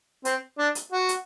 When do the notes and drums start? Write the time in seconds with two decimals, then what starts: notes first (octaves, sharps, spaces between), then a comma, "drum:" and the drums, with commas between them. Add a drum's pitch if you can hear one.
0.25 C4, drum: hi-hat
0.58 D4
0.75 drum: hi-hat
0.92 F#4
1.09 drum: hi-hat